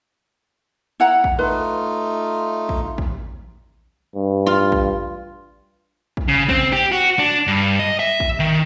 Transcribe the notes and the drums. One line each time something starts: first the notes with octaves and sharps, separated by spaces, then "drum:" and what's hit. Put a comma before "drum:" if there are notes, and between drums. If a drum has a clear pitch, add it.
E4 F#5 A#5
drum: kick
A3 D#4 F4 B4
drum: kick
drum: kick
G2
F4
drum: kick
drum: kick
C#3
C4, drum: kick
G4
F#4
D4
G2
D#5
E5
drum: kick
D#3